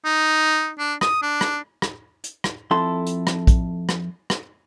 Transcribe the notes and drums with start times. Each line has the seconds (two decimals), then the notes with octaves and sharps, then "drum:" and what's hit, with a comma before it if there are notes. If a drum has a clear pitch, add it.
0.05 D#4
0.79 D4
1.01 D#6, drum: rim click
1.22 D4
1.41 drum: rim click
1.82 drum: rim click
2.24 drum: hi-hat
2.44 drum: rim click
2.71 F2 E4 A4 C6
3.06 drum: hi-hat
3.27 drum: rim click
3.47 drum: kick, hi-hat
3.89 drum: rim click
4.30 drum: rim click